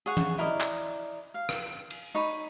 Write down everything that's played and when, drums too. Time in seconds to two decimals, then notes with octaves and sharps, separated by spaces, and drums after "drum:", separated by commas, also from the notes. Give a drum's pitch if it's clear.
0.06 G#4 C#5 F#5
0.17 drum: tom E3
0.38 E4 A#4 D5 D#5
0.60 drum: clap
1.34 F5
1.49 drum: rim click
1.90 drum: cymbal
2.15 D#4 C#5 B5